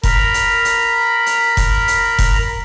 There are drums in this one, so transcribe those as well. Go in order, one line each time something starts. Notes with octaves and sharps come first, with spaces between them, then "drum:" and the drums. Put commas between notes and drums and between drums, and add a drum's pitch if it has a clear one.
A#4 A#5 B5, drum: kick F1, hi-hat
drum: hi-hat
drum: hi-hat
drum: hi-hat
drum: kick F1, hi-hat
drum: hi-hat
drum: kick F1, hi-hat